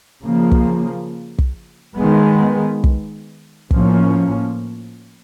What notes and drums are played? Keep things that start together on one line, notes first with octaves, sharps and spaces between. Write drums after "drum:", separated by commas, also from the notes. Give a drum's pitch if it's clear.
C#3 F3 A#3
drum: kick
drum: kick
D#3 G#3 B3
drum: kick
A2 F3 A#3 C#4, drum: kick